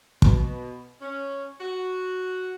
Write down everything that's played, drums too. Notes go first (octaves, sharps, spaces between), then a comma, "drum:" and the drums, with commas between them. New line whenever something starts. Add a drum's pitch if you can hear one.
B2, drum: kick
C#4
F#4